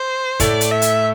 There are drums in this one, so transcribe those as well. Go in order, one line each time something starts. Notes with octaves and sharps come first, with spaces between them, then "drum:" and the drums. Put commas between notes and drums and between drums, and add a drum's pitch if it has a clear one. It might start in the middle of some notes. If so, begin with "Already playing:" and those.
Already playing: C5
A2 A3 D5, drum: kick, hi-hat
drum: hi-hat
E5
drum: hi-hat